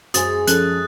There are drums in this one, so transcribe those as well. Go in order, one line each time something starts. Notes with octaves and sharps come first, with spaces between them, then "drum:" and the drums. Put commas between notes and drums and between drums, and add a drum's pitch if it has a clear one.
F#2 G#3 F#4 C5 G#5 D#6 A6, drum: hi-hat
F3 C#4 A4 F#6, drum: hi-hat